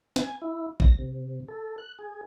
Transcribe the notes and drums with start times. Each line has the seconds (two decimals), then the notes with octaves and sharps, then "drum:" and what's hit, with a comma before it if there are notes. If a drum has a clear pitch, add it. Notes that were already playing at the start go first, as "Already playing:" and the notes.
0.16 G#5, drum: snare
0.42 E4
0.80 A#6, drum: kick
0.99 C3
1.48 A4
1.78 F#6
1.99 G#4